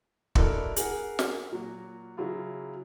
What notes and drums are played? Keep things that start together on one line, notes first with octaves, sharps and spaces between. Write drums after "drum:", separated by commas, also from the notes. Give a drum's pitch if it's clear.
D4 E4 F#4 A4 A#4 D#5, drum: kick
G#4 A#4 F#5, drum: hi-hat
drum: snare
A#2 F#3 F#4
C#3 F#3 E4 F4